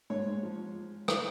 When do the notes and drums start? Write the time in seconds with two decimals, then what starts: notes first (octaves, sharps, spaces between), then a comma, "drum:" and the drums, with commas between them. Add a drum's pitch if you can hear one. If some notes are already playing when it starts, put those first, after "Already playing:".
0.10 G#2 C#5
0.26 G#2
0.43 F3
1.08 drum: rim click